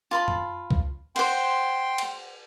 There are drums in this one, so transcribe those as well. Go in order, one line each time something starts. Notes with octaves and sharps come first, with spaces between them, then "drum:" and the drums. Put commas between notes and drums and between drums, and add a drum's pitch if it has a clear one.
F4 A5 B5
drum: tom F#2
drum: kick C2
C5 F#5 G5 C6, drum: cymbal
drum: cymbal